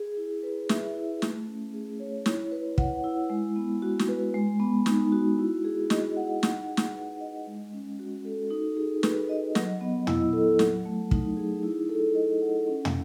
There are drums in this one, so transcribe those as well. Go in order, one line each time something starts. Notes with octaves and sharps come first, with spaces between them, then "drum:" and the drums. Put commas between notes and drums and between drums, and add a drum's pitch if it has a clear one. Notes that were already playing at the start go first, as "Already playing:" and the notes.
Already playing: G#4
E4
B4
E5, drum: snare
E4
A3, drum: snare
C#4
G#4
C#5
E4, drum: snare
B4
F#5, drum: kick
E4
G#3
B3
F#4
drum: snare
B4
G#3
B3
D#4, drum: snare
F#4
E4
G#4
D#5, drum: snare
F#5
D#4, drum: snare
G#4
drum: snare
B4
D#5
G#3
C#4
F#4
A4
D#4
G#4
B4, drum: snare
D#5
F#3, drum: snare
B3
E4, drum: tom
A4
F#3, drum: snare
A3
D#4, drum: kick
G#4
E4
A4
D#5
F#5
C#4
drum: tom